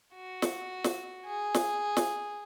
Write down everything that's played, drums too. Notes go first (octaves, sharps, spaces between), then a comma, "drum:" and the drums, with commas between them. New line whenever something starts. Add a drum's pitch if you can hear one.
F#4
drum: snare
drum: snare
G#4
drum: snare
drum: snare